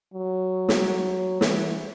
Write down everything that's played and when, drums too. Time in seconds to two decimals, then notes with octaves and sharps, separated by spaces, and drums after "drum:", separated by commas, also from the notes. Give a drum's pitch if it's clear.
0.14 F#3
0.69 drum: snare
1.41 E3, drum: snare